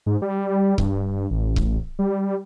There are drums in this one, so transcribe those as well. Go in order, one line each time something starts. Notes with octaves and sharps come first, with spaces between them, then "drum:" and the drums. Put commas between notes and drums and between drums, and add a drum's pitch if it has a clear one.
G#2
G3
G2, drum: kick C#1
A1
drum: kick C#1
G3